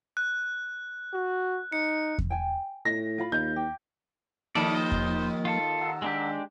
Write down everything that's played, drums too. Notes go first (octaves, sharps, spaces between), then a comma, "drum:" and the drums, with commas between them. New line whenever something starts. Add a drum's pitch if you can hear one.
F#6
F#4
D#4 C#7
drum: kick E2
G5 G#5
A2 A#6
F4 F5 B5
D#2 G6
G4
D#2 D#3 F3 A#3 E4 A4 D5
C5 D#5
drum: kick E2
F4 A4
F#5 A#5 E6
G#3 D4 G4